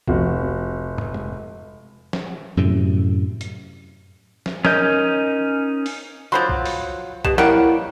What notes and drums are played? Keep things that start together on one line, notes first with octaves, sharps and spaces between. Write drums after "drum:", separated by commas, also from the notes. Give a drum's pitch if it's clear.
F1 F#4, drum: kick
drum: tom
drum: tom
drum: snare
F#2 A2 C3
drum: hi-hat
drum: snare
C#4 D#4 A#4 D#5 G6, drum: snare
drum: open hi-hat
F3 F#3 C5 B5 C6
drum: kick
drum: open hi-hat
B2 G4 E7, drum: kick
B2 G3 A#3 E4 A#4 C#5 F#5 D7, drum: snare